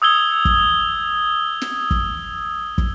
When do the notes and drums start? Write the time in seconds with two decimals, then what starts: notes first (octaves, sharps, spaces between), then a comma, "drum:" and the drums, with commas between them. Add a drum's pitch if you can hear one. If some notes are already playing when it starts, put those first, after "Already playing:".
0.02 D#6 E6 G#6 G7
0.45 drum: kick
1.62 drum: snare
1.91 drum: kick
2.78 drum: kick